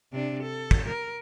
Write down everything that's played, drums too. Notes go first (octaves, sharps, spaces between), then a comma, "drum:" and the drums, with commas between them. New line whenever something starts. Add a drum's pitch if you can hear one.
C3 D4
A4
drum: kick
A#4